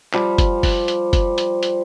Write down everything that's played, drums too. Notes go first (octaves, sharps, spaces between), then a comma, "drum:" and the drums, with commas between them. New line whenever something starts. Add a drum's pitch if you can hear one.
F3 G3, drum: clap
drum: kick F#1, hi-hat
drum: kick F#1, open hi-hat
drum: hi-hat
drum: kick F#1, hi-hat
drum: hi-hat
drum: hi-hat